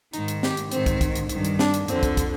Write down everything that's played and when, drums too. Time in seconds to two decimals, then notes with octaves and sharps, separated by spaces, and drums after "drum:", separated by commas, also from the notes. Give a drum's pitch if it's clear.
0.13 G#2 D#3 D#4, drum: hi-hat
0.28 drum: hi-hat
0.43 G4, drum: snare
0.57 drum: hi-hat
0.71 G#2 D#3 C4, drum: hi-hat
0.86 drum: kick, hi-hat
1.01 drum: kick, hi-hat
1.15 drum: hi-hat
1.29 D#3, drum: hi-hat
1.35 G2
1.45 drum: hi-hat
1.59 D4, drum: snare
1.74 drum: hi-hat
1.88 F2 D3 C4, drum: hi-hat
2.03 drum: kick, hi-hat
2.17 drum: kick, hi-hat